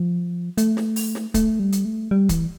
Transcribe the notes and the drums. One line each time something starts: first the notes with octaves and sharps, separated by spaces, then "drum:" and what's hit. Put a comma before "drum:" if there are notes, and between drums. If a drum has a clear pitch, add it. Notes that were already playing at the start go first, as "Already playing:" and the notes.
Already playing: F3
A3, drum: hi-hat
drum: snare
drum: open hi-hat
drum: snare
A3, drum: kick, hi-hat
G3
drum: hi-hat
A3
G3
E3, drum: kick, hi-hat